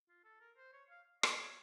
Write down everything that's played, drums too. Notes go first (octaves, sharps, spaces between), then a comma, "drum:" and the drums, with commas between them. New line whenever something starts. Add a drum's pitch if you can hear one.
F4
A4
A#4
C5
C#5
F5
D#5, drum: rim click
C#5